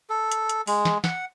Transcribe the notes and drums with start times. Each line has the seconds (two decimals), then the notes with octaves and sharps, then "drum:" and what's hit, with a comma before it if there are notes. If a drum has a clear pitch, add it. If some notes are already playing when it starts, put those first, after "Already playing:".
0.10 A4
0.32 drum: hi-hat
0.49 drum: hi-hat
0.67 G#3, drum: open hi-hat
0.85 drum: snare
1.04 F#5, drum: snare